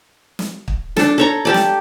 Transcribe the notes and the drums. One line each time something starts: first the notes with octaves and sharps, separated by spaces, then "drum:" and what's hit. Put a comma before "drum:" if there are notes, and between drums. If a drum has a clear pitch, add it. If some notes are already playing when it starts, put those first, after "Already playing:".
drum: snare
drum: kick
D4 A4, drum: snare
A4 C#5 A#5
G4 A4 D5
drum: snare